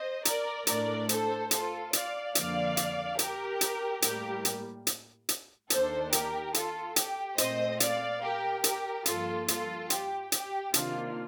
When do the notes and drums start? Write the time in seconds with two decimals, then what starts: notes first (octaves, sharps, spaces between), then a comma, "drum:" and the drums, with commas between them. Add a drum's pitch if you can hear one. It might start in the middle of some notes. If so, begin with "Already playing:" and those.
Already playing: C5 D#5
0.25 A#4 D5, drum: hi-hat
0.67 A2 A3 D4 A#4 D5, drum: hi-hat
1.09 A4 C5, drum: hi-hat
1.51 F4 A4, drum: hi-hat
1.93 D5 F5, drum: hi-hat
2.35 F2 D3 F3 A#3 D5 F5, drum: hi-hat
2.77 drum: hi-hat
3.19 G4 A#4, drum: hi-hat
3.61 drum: hi-hat
4.02 A2 G3 A#3 G4 A#4, drum: hi-hat
4.45 drum: hi-hat
4.87 drum: hi-hat
5.29 drum: hi-hat
5.70 D#2 D#3 A#3 D4 A4 C5, drum: hi-hat
6.13 G4 A#4, drum: hi-hat
6.54 F4 A4, drum: hi-hat
6.96 G4, drum: hi-hat
7.38 A#2 A3 C4 C5 D#5, drum: hi-hat
7.80 D5 F5, drum: hi-hat
8.22 G4 A#4
8.64 G4 A#4, drum: hi-hat
9.06 G2 F3 A#3 F4 A4, drum: hi-hat
9.48 F4 A4, drum: hi-hat
9.90 G4, drum: hi-hat
10.32 G4, drum: hi-hat
10.74 C3 D#3 A#3 D4 F4, drum: hi-hat